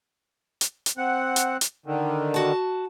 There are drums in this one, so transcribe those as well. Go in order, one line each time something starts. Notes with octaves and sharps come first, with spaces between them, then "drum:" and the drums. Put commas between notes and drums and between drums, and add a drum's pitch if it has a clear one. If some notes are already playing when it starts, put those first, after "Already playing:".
drum: hi-hat
drum: hi-hat
C4 F#5
drum: hi-hat
drum: hi-hat
D3 D#3
F#4 A5